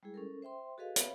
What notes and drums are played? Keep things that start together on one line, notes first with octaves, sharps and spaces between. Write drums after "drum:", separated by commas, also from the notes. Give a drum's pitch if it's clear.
G3 G#3 E4 G#4
C#4 A4 A#4
C5 E5 G5 C6
F#4 G#4 A4 B4 D#5 F5
B4 C#5 E5 F5 B5, drum: hi-hat